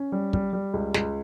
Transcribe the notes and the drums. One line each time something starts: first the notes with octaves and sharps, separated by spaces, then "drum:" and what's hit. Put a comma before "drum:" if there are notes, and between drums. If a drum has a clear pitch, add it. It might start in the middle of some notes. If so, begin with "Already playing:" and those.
Already playing: C#4
G3
G3, drum: kick
G3
C#2
C#2, drum: snare